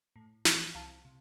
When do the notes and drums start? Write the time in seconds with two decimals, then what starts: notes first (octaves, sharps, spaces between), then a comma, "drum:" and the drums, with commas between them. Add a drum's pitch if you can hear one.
0.16 A2
0.45 E3 G3 C4 E4, drum: snare
0.75 C2 F5 A5
1.05 C3